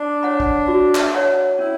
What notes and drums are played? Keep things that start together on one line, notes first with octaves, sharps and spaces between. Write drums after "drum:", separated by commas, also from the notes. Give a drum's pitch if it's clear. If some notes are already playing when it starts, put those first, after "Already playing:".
Already playing: D4
C#5 F#5 B5
drum: kick
F#4
drum: clap
C#5 F#5 B5
C#4 E4